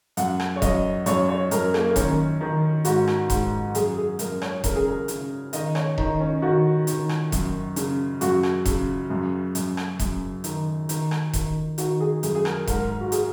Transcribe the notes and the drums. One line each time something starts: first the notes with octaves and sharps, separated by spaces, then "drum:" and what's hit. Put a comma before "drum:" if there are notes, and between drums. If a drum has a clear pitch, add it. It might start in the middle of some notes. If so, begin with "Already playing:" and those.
F#2 F#5, drum: hi-hat
drum: rim click
C#5
F#2 D#5, drum: kick E1, hi-hat
F#2 C#5, drum: hi-hat
C#5
F#2 A#4, drum: hi-hat
A#3, drum: rim click
A#3
D#3 C#4, drum: kick E1, hi-hat
D#3 D#4
G#2 F#4, drum: hi-hat
drum: rim click
G#2, drum: kick E1, hi-hat
F#2 G#4, drum: hi-hat
G#4
F#2 A#4, drum: hi-hat
C#5, drum: rim click
C#3 A#4, drum: kick E1, hi-hat
G#4
A#4
C#3, drum: hi-hat
D#3 D#5, drum: hi-hat
C#5, drum: rim click
D#3 D#4, drum: kick E1
C#4
D#3 F#4
D#3, drum: hi-hat
drum: rim click
F#2, drum: kick E1, hi-hat
C#3, drum: hi-hat
F#2 F#4, drum: hi-hat
drum: rim click
C#3, drum: kick E1, hi-hat
F#2
F#2, drum: hi-hat
drum: rim click
F#2, drum: kick E1, hi-hat
D#3, drum: hi-hat
D#3, drum: hi-hat
drum: rim click
D#3, drum: kick E1, hi-hat
D#3 F#4, drum: hi-hat
G#4
F#2 G#4, drum: hi-hat
G#4
A#4, drum: rim click
G#2 A#4, drum: kick E1, hi-hat
F#4
G#4, drum: hi-hat